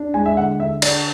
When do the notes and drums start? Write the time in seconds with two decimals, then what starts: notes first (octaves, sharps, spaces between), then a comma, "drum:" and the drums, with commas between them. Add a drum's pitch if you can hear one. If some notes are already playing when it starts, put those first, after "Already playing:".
Already playing: D4
0.14 G#3 G#5
0.26 E5
0.37 D3 F#5
0.60 D3 E5
0.82 D4 D5, drum: cymbal